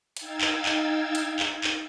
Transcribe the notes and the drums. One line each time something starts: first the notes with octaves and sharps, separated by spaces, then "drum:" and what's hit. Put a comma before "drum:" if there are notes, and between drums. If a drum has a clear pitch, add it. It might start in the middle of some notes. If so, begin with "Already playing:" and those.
D#4 F5 G5 E6 G#6 A6, drum: hi-hat
drum: clap
drum: clap
drum: hi-hat
drum: clap
drum: clap